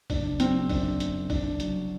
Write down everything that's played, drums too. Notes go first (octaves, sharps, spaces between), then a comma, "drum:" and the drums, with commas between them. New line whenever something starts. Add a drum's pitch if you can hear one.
F#1 D4, drum: kick, open hi-hat
F#3 C4, drum: hi-hat
F#2 D4, drum: kick, open hi-hat
F#1, drum: hi-hat
C2 D4, drum: kick, open hi-hat
F#3, drum: hi-hat